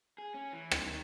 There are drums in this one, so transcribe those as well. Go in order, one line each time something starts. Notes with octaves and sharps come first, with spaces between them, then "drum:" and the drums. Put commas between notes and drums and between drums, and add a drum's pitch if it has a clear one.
G#4
C#4
E3
D3, drum: rim click
D#3